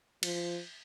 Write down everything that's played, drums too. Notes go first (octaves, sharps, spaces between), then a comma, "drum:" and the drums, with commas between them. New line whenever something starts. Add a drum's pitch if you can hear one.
F3, drum: cymbal